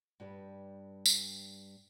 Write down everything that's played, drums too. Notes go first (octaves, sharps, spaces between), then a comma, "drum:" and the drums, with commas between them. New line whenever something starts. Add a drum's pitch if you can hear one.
G2 G3 B4
drum: tambourine